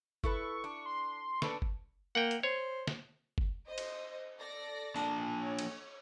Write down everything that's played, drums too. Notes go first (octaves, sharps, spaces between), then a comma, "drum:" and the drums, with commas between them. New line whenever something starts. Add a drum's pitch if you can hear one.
E4 A4 B4 C#6, drum: kick F#1
D4
C6
D4 A4 B4 C#6, drum: snare
drum: kick F#1
A#3 F#5 G5
drum: hi-hat
C5 C#5
drum: snare
drum: kick F#1
C5 D#5
drum: cymbal
A4 D5 A#6
A#3 D4 A5, drum: tambourine
C#5
drum: cymbal